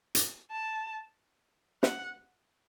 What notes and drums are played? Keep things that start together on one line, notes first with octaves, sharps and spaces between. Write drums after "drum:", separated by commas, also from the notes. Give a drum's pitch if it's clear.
drum: hi-hat
A5
F#5, drum: snare